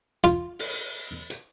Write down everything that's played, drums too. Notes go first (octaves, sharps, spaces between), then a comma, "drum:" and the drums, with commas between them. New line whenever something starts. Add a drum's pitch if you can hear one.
F4, drum: hi-hat
drum: open hi-hat
drum: hi-hat